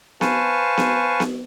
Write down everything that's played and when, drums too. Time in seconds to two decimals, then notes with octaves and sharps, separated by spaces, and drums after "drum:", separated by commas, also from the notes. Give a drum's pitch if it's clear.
0.21 B4 C5 F5 G#5 A5 C#6, drum: snare B3
0.78 drum: snare B3
1.20 drum: snare B3